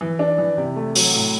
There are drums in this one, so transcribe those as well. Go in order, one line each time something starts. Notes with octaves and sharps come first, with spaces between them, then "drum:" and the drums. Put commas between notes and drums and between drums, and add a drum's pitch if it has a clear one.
E3
D4
E3
C3
A3
F#3, drum: open hi-hat
A2